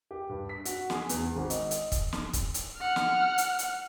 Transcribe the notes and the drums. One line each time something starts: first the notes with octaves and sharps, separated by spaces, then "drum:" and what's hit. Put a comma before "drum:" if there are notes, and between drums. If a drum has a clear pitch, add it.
G4
G2
B6
F#4, drum: hi-hat
G#4, drum: snare
E2, drum: hi-hat
G#1
D#5, drum: hi-hat
drum: hi-hat
drum: kick, hi-hat
drum: snare
drum: kick, hi-hat
drum: hi-hat
F#5 F6
drum: snare
drum: hi-hat
drum: hi-hat